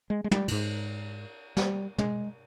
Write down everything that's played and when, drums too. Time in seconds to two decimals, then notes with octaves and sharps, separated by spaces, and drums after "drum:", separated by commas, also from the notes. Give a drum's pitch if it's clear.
0.10 G#3
0.24 G#3
0.31 G3, drum: tom
0.48 A#2, drum: cymbal
0.51 G#2
1.57 G3, drum: snare
1.98 G#3, drum: tom